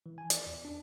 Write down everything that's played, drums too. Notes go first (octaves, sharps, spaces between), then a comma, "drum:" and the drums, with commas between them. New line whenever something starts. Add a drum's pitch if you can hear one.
E3
G#5
D5, drum: hi-hat
E2
D4